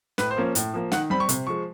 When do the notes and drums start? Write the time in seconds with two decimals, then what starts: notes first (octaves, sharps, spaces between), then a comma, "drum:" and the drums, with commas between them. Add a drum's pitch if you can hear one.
0.18 A2 B4, drum: snare
0.31 C5
0.37 F3 A#3 C#4
0.55 A2, drum: hi-hat
0.74 F3 A#3
0.92 D#3 F#5, drum: snare
1.10 G3 C4 B5
1.20 C#6
1.29 C3, drum: hi-hat
1.47 F3 G#3 C#6